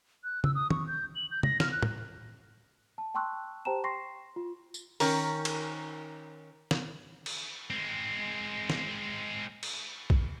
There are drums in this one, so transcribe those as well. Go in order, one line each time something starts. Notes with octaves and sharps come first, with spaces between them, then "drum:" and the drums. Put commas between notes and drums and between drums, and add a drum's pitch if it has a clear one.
F#6
E6, drum: tom C#3
D#6
C#6, drum: tom
G6
F#7
G6
A#6, drum: tom
F6, drum: snare
F#6
drum: tom
A5
G5 A5 C6 C#6 E6 F#6
G4 C5 G5 A5 A#5 E7
G5 C6 C#6 A#6 C7
F4
drum: tambourine
D#3 C#4 A#4, drum: open hi-hat
drum: cymbal
drum: snare
drum: cymbal
G#3 C4
drum: snare
drum: cymbal
drum: kick